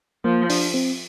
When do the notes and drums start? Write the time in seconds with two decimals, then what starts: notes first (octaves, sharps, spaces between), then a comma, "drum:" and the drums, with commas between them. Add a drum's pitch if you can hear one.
0.24 F3 A#3
0.50 D4, drum: open hi-hat
0.74 C4